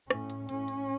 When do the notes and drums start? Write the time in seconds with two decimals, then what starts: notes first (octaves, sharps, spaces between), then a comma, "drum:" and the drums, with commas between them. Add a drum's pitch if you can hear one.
0.10 A2 C#4, drum: rim click
0.30 drum: hi-hat
0.49 A2 C#4, drum: hi-hat
0.68 drum: hi-hat